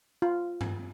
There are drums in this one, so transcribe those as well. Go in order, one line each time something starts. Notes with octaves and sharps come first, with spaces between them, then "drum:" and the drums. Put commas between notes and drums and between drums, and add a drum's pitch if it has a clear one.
F4
drum: tom G2